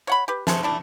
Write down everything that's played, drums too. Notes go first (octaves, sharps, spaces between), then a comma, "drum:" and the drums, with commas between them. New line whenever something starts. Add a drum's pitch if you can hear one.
C#5 F#5 B5
G4 B4
A3 G#4 C5, drum: snare
A3 D4 E4